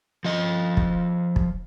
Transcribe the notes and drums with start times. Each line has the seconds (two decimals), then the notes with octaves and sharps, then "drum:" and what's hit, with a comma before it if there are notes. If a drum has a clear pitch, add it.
0.25 F3 D#5
0.77 drum: kick
1.36 drum: kick